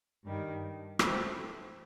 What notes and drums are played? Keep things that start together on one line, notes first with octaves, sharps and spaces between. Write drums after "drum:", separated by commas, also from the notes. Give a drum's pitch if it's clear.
G2 D#3 G3
E3 A3 C4, drum: rim click